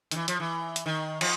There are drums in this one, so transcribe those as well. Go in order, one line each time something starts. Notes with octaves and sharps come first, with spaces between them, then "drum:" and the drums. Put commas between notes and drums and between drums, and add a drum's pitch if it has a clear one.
D#3, drum: hi-hat
E3
F3, drum: hi-hat
E3
drum: hi-hat
D#3
F3, drum: cymbal